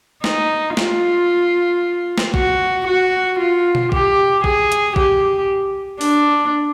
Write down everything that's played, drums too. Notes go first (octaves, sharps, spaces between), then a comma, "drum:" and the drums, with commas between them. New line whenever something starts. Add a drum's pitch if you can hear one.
D#4, drum: snare
F4, drum: snare
drum: snare
F#4, drum: kick
F#4
F4
drum: tom B2
G4, drum: kick
G#4, drum: kick
drum: hi-hat
G4, drum: kick
D4, drum: open hi-hat